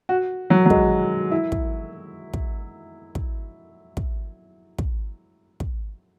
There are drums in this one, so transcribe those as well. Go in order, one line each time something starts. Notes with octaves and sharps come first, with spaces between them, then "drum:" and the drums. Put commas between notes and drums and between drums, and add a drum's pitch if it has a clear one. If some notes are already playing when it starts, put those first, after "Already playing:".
F#4
F#3
F#3
G#3, drum: kick
E4
drum: kick
drum: kick
drum: kick
drum: kick
drum: kick
drum: kick